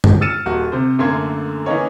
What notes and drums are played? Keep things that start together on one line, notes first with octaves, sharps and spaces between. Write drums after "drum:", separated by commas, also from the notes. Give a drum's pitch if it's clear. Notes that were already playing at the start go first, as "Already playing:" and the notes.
drum: tom
E6 F6 A6 C#7 D#7 E7
D#1 F#4
C3 C5
F#2 D3 A3 A#3 C6 G#6
E3 A#3 C#4 D#4 C#5